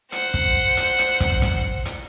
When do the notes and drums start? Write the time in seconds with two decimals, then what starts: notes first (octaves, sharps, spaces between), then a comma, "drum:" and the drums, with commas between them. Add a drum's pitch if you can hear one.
0.12 C5 F#5, drum: hi-hat
0.34 drum: kick
0.77 drum: hi-hat
0.99 drum: hi-hat
1.20 drum: kick, hi-hat
1.42 drum: kick, hi-hat
1.85 drum: hi-hat